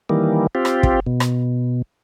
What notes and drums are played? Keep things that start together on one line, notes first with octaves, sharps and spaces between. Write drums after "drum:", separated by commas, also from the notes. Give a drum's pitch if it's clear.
D#3 E3 G3 A#3
C4 F4 G4
drum: rim click
drum: kick
B2
drum: rim click